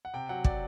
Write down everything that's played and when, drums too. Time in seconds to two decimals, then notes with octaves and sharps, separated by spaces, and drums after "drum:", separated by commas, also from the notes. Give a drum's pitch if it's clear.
0.05 F#5
0.14 C3 G5
0.29 F#3 F#5
0.44 D5, drum: kick